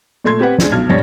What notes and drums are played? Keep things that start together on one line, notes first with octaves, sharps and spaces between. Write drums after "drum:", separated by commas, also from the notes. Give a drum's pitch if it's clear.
A#2 A3 C6 G#6
C4 G4 B4 F#5
G#3 D4, drum: snare
B1 F6 G#6
D#1 G2 C#5 A6 A#6